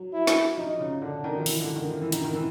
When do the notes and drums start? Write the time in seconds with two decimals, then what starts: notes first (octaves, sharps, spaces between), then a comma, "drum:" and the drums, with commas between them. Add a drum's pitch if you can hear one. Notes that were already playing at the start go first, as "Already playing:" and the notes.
Already playing: F#3
0.13 E4
0.27 drum: snare
0.57 F3 D#4
0.79 C#3
1.01 D3 D4
1.24 D#3
1.39 F3
1.46 E3, drum: open hi-hat
1.61 D3
1.76 D#3
1.90 F3
2.01 E3
2.12 D#3, drum: hi-hat
2.24 D#3
2.35 E3